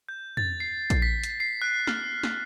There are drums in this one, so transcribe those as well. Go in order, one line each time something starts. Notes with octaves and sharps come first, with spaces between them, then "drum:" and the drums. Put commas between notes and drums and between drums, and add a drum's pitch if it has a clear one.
G6
A6, drum: tom
C7
drum: kick A#1, hi-hat
B6
drum: hi-hat
C7
F#6
F6, drum: snare
drum: snare